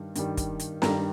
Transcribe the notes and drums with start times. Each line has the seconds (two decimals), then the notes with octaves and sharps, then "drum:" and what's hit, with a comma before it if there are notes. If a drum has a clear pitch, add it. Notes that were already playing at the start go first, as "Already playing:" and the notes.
Already playing: G2 D#3 G3
0.15 G2 D#3 G3, drum: hi-hat
0.37 drum: kick, hi-hat
0.60 drum: hi-hat
0.82 G2 D#3 G3 A#5, drum: snare